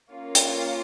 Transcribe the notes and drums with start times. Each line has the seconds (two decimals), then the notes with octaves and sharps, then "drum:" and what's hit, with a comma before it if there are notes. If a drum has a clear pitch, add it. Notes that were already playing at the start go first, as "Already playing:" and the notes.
0.11 A#3 C#4 F4
0.35 drum: hi-hat